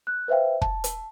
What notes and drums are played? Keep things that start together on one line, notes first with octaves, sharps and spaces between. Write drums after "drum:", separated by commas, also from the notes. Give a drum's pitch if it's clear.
F#6
B4 C5 E5 F5 G5
A5, drum: kick
drum: hi-hat